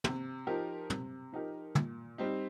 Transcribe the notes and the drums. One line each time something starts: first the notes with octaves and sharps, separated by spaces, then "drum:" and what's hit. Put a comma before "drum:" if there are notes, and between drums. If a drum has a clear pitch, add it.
C3, drum: tom
F3 D#4 G4 A#4
C3, drum: tom
F3 D#4 G4 A#4
A#2, drum: tom
G3 C4 D#4